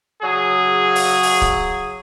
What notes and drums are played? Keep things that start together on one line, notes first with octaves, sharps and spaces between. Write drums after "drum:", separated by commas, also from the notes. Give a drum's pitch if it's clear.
C#3 F#3 G#4
drum: open hi-hat
drum: open hi-hat
drum: kick